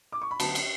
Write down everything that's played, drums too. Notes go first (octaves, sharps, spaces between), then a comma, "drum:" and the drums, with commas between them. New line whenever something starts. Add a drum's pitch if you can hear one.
D6
C#6
B5
D2 D3 F#3 B3 A5, drum: cymbal
drum: cymbal